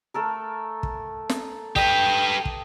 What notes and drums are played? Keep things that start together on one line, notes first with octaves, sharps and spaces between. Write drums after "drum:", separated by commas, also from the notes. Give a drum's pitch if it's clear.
A3 A4 A#4
drum: kick
drum: snare
G4 B4 D#5 G5, drum: kick
drum: kick